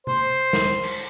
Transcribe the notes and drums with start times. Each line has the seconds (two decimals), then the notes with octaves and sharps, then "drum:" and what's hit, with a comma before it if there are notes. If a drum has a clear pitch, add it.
0.07 C5, drum: tom C3
0.53 drum: snare
0.83 drum: cymbal